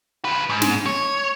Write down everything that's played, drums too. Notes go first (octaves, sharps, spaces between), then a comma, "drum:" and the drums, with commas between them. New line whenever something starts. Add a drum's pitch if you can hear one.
F3 B4
G#2
drum: snare
C#5